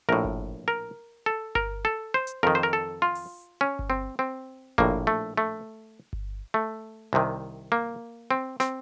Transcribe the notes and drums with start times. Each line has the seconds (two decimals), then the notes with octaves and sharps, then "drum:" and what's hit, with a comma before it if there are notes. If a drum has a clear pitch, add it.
0.09 A#1 A2 A#4
0.24 drum: kick G1
0.68 A#4
1.26 A4
1.55 A#4, drum: kick G1
1.85 A4
2.14 C5
2.27 drum: hi-hat
2.43 F2 D#3 A#4
2.55 C5
2.63 A#4
2.73 A4
3.02 F4
3.15 drum: open hi-hat
3.61 C#4
3.79 drum: kick G1
3.90 C4
4.19 C4
4.78 A#1 A2 A#3, drum: kick G1
5.07 A3
5.37 A3
6.13 drum: kick G1
6.54 A3
7.13 C2 C3 D#3
7.72 A#3
8.31 C4
8.60 C4, drum: snare